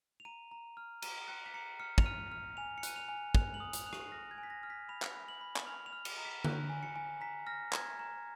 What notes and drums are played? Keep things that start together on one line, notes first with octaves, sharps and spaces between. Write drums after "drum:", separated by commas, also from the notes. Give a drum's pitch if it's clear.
F7
A#5 D#7
A#5
F6
A#5 D#7, drum: cymbal
F#6 C#7
B6
A#5 C#7
F6 C#7
F7, drum: kick
F6 D#7
F6
G#5 F7
C#7
F#6 D#7, drum: hi-hat
F7
G#5
F#6 F7, drum: kick
F#7
D#6
F7, drum: hi-hat
F#6 F7
D#7, drum: rim click
F6 A#6
G#6
G#5
B6
A#6
F6
B6
B5 F7
drum: clap
B5
F#7
B5
drum: clap
F6 F7
F7
F6
C#7, drum: cymbal
A#5
B6
F#6, drum: tom D3
G#5
C#7
G#5
A#5 B6
F6 A#6
A#5 G#6, drum: clap
A#5